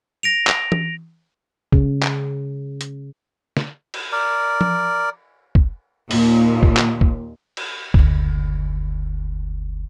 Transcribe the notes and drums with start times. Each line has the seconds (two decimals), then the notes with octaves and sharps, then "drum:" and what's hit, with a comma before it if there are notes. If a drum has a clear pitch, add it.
0.23 A#6 D7 F7
0.47 drum: clap
0.72 drum: tom E3
1.72 C#3, drum: kick
2.03 drum: clap
2.81 drum: hi-hat
3.57 drum: snare
3.94 drum: cymbal
4.12 A#4 D5
4.61 drum: tom F3
5.55 drum: kick
6.11 D#2 A#2, drum: open hi-hat
6.63 drum: kick
6.77 drum: clap
7.01 drum: kick
7.57 drum: cymbal
7.94 F#1 D2, drum: kick